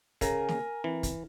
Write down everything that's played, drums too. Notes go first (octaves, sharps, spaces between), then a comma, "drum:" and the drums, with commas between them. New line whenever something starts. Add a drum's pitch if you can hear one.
C#3 A#4 G#5, drum: kick, hi-hat
drum: snare
E3 C4
drum: kick, hi-hat